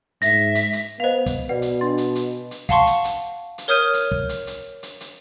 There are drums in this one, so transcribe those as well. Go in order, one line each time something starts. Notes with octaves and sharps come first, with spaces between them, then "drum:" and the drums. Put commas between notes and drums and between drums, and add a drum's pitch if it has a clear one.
G#2 E5 A#6, drum: hi-hat
drum: hi-hat
drum: hi-hat
B3 C5 D#5 F5 F7
drum: kick, hi-hat
B2 B4 D5 F#5
drum: hi-hat
D4 C6 A6
drum: hi-hat
drum: hi-hat
drum: hi-hat
F5 F#5 A5 C6 C#6, drum: kick, hi-hat
drum: hi-hat
drum: hi-hat
drum: hi-hat
A#4 C#5 D#6 F6 G6 D#7
drum: hi-hat
drum: kick
drum: hi-hat
drum: hi-hat
drum: hi-hat
drum: hi-hat